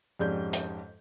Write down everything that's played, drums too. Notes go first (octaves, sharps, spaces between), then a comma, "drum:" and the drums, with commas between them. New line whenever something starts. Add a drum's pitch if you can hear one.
F2 G#2 C#4 G4 D5 G6
drum: hi-hat